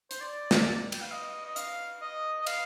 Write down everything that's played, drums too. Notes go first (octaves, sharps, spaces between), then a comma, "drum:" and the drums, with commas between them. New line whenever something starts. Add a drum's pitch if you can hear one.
C5, drum: hi-hat
D5
drum: snare
G5, drum: cymbal
F5
D#5
D#5
F5, drum: hi-hat
D#5
D#5
F5, drum: cymbal